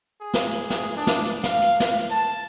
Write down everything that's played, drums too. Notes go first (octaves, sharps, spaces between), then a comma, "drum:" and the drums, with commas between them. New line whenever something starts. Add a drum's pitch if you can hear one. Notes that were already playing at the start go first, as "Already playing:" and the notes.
G#4
drum: snare
drum: hi-hat
drum: snare
D4
drum: snare
drum: hi-hat
F5, drum: snare
drum: hi-hat
drum: snare
drum: hi-hat
A5